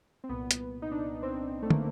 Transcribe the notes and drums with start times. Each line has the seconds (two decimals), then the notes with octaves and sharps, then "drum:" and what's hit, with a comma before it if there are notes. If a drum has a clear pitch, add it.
0.24 C4
0.29 C2 A#2 B3
0.51 drum: hi-hat
0.82 D#4
0.91 D4
1.23 C4
1.62 A3
1.70 A#3, drum: tom